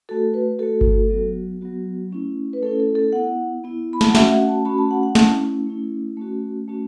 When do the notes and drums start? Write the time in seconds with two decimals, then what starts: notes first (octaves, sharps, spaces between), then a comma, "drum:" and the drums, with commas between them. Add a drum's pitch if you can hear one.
0.09 A3 F#4 A4
0.34 B4
0.59 A3 F#4 A4
0.81 drum: kick G1
1.10 F#3 B3 F#4
1.61 F#3 B3 F#4
2.11 A3 C#4 E4
2.53 B4
2.62 A3 C#4 E4 A4
2.80 A4
2.95 A4
3.13 B3 E4 F#5
3.64 B3 E4
3.93 B5
4.01 A5, drum: snare
4.08 F#5
4.15 A3 C#4 F#4 E5, drum: snare
4.31 F#5
4.49 A5
4.65 A3 C#4 F#4 B5
4.78 A5
4.91 F#5
5.03 F#5
5.15 A3 C#4 E4 A5, drum: snare
5.66 A3 C#4 E4
6.17 A3 C#4 F#4
6.68 A3 C#4 F#4